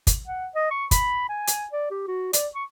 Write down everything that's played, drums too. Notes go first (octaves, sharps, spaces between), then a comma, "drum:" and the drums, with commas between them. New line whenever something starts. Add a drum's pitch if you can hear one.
drum: kick, hi-hat
F#5
D#5
C#6
B5, drum: kick, hi-hat
G#5
drum: hi-hat
D5
G4
F#4
D5, drum: hi-hat
C#6